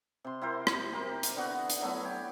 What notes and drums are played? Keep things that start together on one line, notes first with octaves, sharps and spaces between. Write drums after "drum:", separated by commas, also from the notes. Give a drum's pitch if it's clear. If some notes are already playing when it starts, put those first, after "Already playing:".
C3 C6
E4 G4 A#4 C5
drum: rim click
G4 A#4 C5
drum: hi-hat
D3 B3 F#4 F#5
drum: hi-hat
F#3 A3 B3 E4
G4 C#5